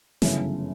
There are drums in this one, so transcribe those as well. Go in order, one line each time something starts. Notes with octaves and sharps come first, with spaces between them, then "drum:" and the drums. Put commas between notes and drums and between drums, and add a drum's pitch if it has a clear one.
G1 F#2 C#3 E3 A3, drum: snare